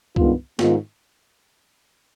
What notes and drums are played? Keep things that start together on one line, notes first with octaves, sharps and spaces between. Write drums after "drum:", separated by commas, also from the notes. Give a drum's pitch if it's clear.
G2 D#3 G#3 B3 F4, drum: kick C2
G#2 D#3 B3 F4, drum: snare